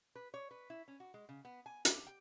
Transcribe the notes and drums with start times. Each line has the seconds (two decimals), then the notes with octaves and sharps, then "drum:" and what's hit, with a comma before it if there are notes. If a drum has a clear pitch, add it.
0.15 B4
0.34 C#5
0.51 B4
0.70 E4
0.88 C#4
1.00 F#4
1.14 G#3
1.29 C#3
1.45 B3
1.66 G#5
1.85 G4, drum: hi-hat
2.07 G5